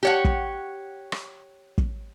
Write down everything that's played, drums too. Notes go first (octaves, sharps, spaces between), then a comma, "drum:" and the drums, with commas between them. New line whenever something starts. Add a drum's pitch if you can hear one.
G4 C#5 F#5
drum: kick
drum: rim click
drum: kick